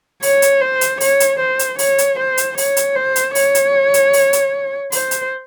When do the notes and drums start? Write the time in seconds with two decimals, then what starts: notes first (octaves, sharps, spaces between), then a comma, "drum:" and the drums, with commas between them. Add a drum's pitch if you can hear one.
0.23 C#5, drum: open hi-hat
0.42 drum: hi-hat
0.61 C5
0.81 drum: hi-hat
1.00 C#5, drum: open hi-hat
1.20 drum: hi-hat
1.40 C5
1.59 drum: hi-hat
1.79 C#5, drum: open hi-hat
1.98 drum: hi-hat
2.19 C5
2.37 drum: hi-hat
2.58 C#5, drum: open hi-hat
2.77 drum: hi-hat
2.96 C5
3.16 drum: hi-hat
3.35 C#5, drum: open hi-hat
3.55 drum: hi-hat
3.94 drum: hi-hat
4.13 drum: open hi-hat
4.33 drum: hi-hat
4.92 C5, drum: open hi-hat
5.11 drum: hi-hat